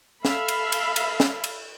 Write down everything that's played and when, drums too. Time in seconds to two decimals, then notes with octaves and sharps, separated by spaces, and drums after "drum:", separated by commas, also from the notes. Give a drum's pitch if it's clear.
0.25 A4 E5 F5 B5, drum: snare
0.48 drum: cymbal
0.72 drum: cymbal
0.96 drum: cymbal
1.20 drum: snare
1.44 drum: cymbal